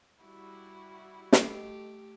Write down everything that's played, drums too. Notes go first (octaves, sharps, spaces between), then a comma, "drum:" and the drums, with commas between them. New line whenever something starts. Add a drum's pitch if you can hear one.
G3 E4 F#4
A3 G4 A4 D#5 C7, drum: snare